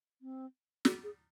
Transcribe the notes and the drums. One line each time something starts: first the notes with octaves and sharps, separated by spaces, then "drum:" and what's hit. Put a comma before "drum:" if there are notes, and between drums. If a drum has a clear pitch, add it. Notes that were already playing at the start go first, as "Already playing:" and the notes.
C4
drum: snare
G#4